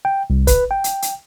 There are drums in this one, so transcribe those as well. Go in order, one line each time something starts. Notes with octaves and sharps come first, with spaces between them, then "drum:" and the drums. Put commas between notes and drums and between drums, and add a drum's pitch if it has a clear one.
G5
C2
B4, drum: kick C#1, hi-hat
G5
drum: hi-hat
drum: hi-hat